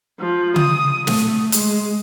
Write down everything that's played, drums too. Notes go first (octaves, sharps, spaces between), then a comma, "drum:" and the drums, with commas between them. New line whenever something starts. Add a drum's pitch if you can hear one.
F3
D#6, drum: tom C#3
A3, drum: snare
G#3, drum: hi-hat